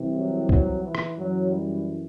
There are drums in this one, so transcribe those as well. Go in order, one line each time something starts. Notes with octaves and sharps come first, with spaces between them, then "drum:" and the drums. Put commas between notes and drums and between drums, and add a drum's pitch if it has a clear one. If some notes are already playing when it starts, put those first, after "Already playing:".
Already playing: C2 C3 E3
F#3
F#3, drum: kick
E3
drum: rim click
F#2 E3 F#3
G3